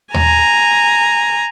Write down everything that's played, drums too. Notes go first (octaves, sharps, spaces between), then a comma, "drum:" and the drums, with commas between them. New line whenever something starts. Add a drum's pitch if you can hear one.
G#5 A#5, drum: tom D#2